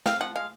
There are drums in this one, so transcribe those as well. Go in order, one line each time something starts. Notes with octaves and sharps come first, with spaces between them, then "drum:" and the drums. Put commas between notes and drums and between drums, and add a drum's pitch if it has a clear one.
C4 F5, drum: snare
F3 F#5
G#3 F5